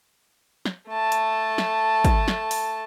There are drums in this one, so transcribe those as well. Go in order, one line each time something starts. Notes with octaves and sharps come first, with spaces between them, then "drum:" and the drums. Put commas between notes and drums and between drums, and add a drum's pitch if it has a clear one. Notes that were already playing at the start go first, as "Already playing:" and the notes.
drum: snare
A3 A5
drum: hi-hat
drum: snare
drum: kick, hi-hat
drum: snare
drum: open hi-hat